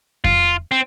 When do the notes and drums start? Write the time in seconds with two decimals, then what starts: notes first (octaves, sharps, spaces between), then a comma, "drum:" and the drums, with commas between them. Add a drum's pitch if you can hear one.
0.24 F4, drum: kick F2
0.72 C4